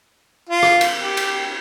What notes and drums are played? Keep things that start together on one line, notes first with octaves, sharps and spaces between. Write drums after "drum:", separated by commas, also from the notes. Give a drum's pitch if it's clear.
F4
drum: rim click
drum: cymbal
G4
drum: cymbal